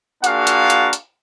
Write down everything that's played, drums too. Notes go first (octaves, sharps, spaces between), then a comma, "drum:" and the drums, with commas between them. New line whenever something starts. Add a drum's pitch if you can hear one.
A#3 D4 F4 F#4 G#4 F5, drum: hi-hat
drum: hi-hat
drum: hi-hat
drum: hi-hat